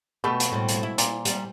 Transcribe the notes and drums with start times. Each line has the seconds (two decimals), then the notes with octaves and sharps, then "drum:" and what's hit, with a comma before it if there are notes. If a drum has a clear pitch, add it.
0.24 B2 A3 G4 B4
0.40 drum: hi-hat
0.52 A2 G3 C4
0.68 drum: hi-hat
0.83 E4
0.98 A#2, drum: hi-hat
1.25 G3, drum: hi-hat